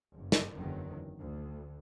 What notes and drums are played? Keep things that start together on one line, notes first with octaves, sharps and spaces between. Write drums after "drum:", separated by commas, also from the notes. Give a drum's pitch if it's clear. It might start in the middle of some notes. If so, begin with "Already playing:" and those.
F#1 G2
drum: snare
F#1 E2 D3 D#3 F#3
D2